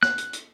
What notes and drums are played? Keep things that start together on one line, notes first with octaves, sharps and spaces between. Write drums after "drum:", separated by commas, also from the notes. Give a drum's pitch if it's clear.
F#6, drum: snare
drum: hi-hat
drum: hi-hat